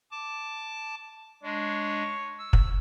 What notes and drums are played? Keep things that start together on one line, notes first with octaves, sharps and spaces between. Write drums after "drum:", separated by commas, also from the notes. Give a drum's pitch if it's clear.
A5 D6
G#3 D4 C#5
E6
drum: kick